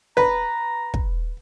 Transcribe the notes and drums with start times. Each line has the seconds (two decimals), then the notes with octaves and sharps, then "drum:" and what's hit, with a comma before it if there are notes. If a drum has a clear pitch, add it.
0.17 B4 A#5, drum: snare
0.94 drum: kick